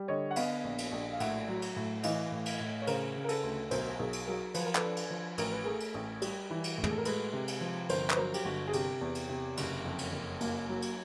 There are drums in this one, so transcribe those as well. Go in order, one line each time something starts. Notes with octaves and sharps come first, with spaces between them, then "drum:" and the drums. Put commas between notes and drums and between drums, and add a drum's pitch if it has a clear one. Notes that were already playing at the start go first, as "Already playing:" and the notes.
Already playing: G3
D3 C#5 D#5
F#5
B3 D#5 F5, drum: cymbal
A#1
drum: cymbal
A#1
F5
A2 E5 F#5, drum: cymbal
F#3
drum: cymbal
A2
E3 D#5 F5, drum: cymbal
A2
drum: cymbal
A2
C#5
C#3 A#4 C5, drum: cymbal
C#3
A#4
A4 B4, drum: cymbal
D2
B1 A#4 C5, drum: cymbal
B1 G#4 A#4
drum: cymbal
F#3 G#4 A#4
F3 B4, drum: cymbal
A#4
A4 B4, drum: clap
D4
drum: cymbal
F3
A1 A#4, drum: cymbal
B4
A3 G#4 A#4
drum: cymbal
A1
G3, drum: cymbal
E3
drum: cymbal
A2
G#4, drum: tom
A4
A#4
G#3 A4 B4, drum: cymbal
C3
drum: cymbal
F3
G1 A#4 C5, drum: cymbal
B4, drum: clap
F#3 A#4 C5
G4, drum: cymbal
G1 F#4
G#4
C3 G4, drum: cymbal
E2
drum: cymbal
C3
F#1, drum: cymbal
F2
drum: cymbal
F#1
A#3, drum: cymbal
F#3
drum: cymbal